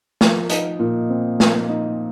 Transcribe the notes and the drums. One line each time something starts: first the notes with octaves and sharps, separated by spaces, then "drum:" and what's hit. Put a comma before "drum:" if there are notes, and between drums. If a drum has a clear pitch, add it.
F3, drum: snare
D#4, drum: hi-hat
A#2
C4
F3, drum: snare
D#4